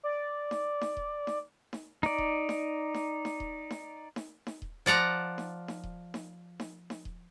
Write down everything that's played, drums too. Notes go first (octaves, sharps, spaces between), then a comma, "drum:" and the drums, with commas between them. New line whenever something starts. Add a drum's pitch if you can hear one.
D5
drum: snare D#4
drum: snare D#4
drum: kick D#1
drum: snare D#4
drum: snare D#4
D#4 D5, drum: snare D#4
drum: kick D#1
drum: snare D#4
drum: snare D#4
drum: snare D#4
drum: kick D#1
drum: snare D#4
drum: snare D#4
drum: snare D#4
drum: kick D#1
F3 D5 F#5 A#5
drum: snare D#4
drum: snare D#4
drum: kick D#1
drum: snare D#4
drum: snare D#4
drum: snare D#4
drum: kick D#1